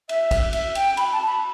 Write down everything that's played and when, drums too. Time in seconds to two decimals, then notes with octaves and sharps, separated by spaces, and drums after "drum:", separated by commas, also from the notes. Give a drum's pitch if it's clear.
0.09 E5, drum: cymbal
0.31 drum: kick A#1, cymbal
0.53 E5, drum: cymbal
0.75 G5, drum: cymbal
0.97 B5, drum: cymbal
1.12 A5
1.27 B5